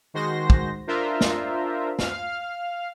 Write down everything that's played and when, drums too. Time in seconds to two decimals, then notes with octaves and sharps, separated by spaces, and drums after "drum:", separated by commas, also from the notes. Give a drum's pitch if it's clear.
0.14 D#3 G#3 F#4 C5 C6 A#6
0.50 drum: kick
0.87 D4 F4 A#4 C5 E5 A#5
1.21 drum: snare
1.99 F5 F6, drum: snare